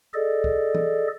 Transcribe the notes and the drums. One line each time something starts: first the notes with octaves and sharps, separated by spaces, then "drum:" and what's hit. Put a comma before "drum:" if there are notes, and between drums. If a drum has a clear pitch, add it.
G#4 A4 D5 D#5
drum: kick
drum: tom E3